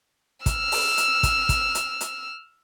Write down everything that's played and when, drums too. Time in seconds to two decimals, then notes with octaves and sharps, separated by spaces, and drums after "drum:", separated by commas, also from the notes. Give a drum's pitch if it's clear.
0.46 E6 F6, drum: kick, hi-hat
0.72 drum: open hi-hat
0.97 drum: hi-hat
1.23 drum: kick, hi-hat
1.49 drum: kick, hi-hat
1.75 drum: hi-hat
2.01 drum: hi-hat